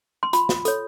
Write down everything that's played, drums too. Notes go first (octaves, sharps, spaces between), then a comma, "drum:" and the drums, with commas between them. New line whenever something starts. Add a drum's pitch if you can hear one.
C6
F4 B5, drum: hi-hat
drum: snare
A4 C#5, drum: hi-hat